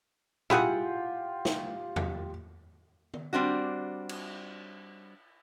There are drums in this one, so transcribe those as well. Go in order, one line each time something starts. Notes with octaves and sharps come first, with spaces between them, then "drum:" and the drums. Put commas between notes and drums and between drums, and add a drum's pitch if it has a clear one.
E4 F4 G4 G#4 F#5, drum: tom A#2
drum: snare
drum: tom
drum: tom D#3
G3 C4 D4 F#4
drum: cymbal